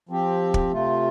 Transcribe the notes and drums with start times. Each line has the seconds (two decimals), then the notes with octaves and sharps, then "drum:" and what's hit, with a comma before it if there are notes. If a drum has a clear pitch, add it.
0.09 F3 C4 G4
0.54 drum: kick
0.72 C3 A3 F4